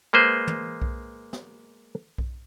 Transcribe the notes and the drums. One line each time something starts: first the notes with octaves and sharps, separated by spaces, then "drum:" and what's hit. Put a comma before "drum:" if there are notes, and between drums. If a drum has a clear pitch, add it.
G#3 A#3 B4 C5
drum: tom
drum: kick B1
drum: snare
drum: kick B1